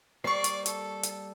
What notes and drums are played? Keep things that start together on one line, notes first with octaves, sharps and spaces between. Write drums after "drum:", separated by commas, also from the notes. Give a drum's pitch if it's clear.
G3 A#3 C5 D5 C#6 C7
drum: hi-hat
A4, drum: hi-hat
drum: hi-hat